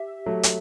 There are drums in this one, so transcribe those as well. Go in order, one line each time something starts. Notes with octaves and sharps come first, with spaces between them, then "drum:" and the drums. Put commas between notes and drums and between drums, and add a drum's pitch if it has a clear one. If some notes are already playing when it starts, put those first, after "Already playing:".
Already playing: G4 E5
F#3 A3
drum: hi-hat